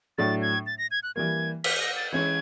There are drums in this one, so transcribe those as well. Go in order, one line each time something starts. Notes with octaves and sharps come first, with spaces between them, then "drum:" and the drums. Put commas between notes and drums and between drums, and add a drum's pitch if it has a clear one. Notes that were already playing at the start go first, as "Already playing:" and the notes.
A2 F#3 A3 D4 A6
G#6
A6
A#6
G#6
F#6
E3 G3 A#3 G#6
B6, drum: cymbal
A#6
A6
E3 G#3 C#4 G#6